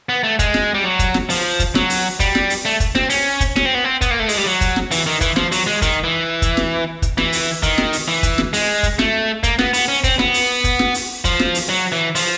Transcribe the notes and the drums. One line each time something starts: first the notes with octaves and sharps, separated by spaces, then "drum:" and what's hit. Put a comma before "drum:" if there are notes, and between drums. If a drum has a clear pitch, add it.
B3
A3
G#3, drum: kick, hi-hat
drum: snare
G3
F#3
drum: kick, hi-hat
drum: snare
F3, drum: open hi-hat
drum: kick, hi-hat
F#3, drum: snare
drum: open hi-hat
G3, drum: kick, hi-hat
drum: snare
drum: open hi-hat
A3
drum: kick, hi-hat
C4, drum: snare
C#4, drum: open hi-hat
drum: kick, hi-hat
C#4, drum: snare
C4
B3
C4
B3, drum: kick, hi-hat
A#3
A3
G#3, drum: open hi-hat
G3
F#3
drum: kick, hi-hat
drum: snare
E3, drum: open hi-hat
D#3
E3, drum: kick, hi-hat
F3, drum: snare
F#3, drum: open hi-hat
G#3
D#3, drum: kick, hi-hat
E3
drum: kick, hi-hat
drum: snare
drum: kick, hi-hat
E3, drum: snare
drum: open hi-hat
D#3, drum: kick, hi-hat
drum: snare
drum: open hi-hat
E3
drum: kick, hi-hat
drum: snare
G#3, drum: open hi-hat
drum: kick, hi-hat
A3, drum: snare
A#3, drum: kick, hi-hat
B3, drum: snare
B3, drum: open hi-hat
C#4
C4, drum: kick, hi-hat
B3, drum: snare
drum: open hi-hat
drum: kick, hi-hat
drum: snare
drum: open hi-hat
F3, drum: kick, hi-hat
drum: snare
drum: open hi-hat
F#3
E3
F3, drum: open hi-hat